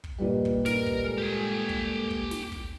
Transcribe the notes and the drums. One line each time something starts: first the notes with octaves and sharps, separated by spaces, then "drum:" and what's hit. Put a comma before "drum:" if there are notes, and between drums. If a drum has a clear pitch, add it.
drum: kick
G2 A#2 B4 D#5
drum: kick
A#4, drum: snare
drum: kick
G#3 A4
G4 G#5
drum: kick
drum: kick
drum: snare
drum: kick